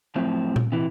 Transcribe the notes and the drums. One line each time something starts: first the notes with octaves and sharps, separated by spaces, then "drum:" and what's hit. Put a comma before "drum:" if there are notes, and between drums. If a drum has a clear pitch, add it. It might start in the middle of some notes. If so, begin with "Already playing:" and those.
F#2 A2 F3 C4
drum: tom A#2
C3 E3